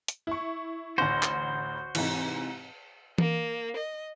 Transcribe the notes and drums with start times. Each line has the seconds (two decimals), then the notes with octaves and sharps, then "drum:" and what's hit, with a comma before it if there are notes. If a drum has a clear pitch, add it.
0.08 drum: hi-hat
0.27 E4 C#6
0.98 A1 D2 F#4 C5 A#6
1.23 drum: clap
1.95 G#2 C3 E3, drum: cymbal
3.18 A#3, drum: tom E3
3.77 D#5